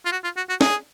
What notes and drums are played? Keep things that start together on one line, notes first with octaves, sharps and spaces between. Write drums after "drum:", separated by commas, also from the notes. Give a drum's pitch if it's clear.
F4
F#4
F4
F#4
F#4
G#4, drum: snare